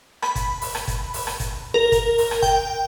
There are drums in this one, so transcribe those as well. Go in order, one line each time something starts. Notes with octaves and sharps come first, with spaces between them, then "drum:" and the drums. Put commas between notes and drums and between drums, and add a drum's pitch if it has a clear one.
B5, drum: rim click
drum: kick, hi-hat
drum: open hi-hat
drum: rim click
drum: kick, hi-hat
drum: open hi-hat
drum: rim click
drum: kick, hi-hat
A#4
drum: kick, hi-hat
drum: open hi-hat
drum: rim click
G5, drum: kick, hi-hat